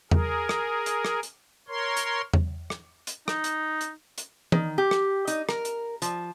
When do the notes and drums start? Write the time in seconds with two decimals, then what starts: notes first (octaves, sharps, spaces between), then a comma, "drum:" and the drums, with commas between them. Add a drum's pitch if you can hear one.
0.11 G#4 A#4, drum: tom E2
0.49 drum: rim click
0.86 drum: hi-hat
1.05 drum: rim click
1.23 drum: hi-hat
1.68 A#4 C#5 C6
1.97 drum: hi-hat
2.33 drum: tom E2
2.70 drum: rim click
3.07 drum: hi-hat
3.28 D#4, drum: rim click
3.44 drum: hi-hat
3.81 drum: hi-hat
4.18 drum: hi-hat
4.52 D#3, drum: tom E3
4.78 G4
4.91 drum: rim click
5.28 D#4, drum: hi-hat
5.49 A#4, drum: rim click
5.65 drum: hi-hat
6.02 F3, drum: hi-hat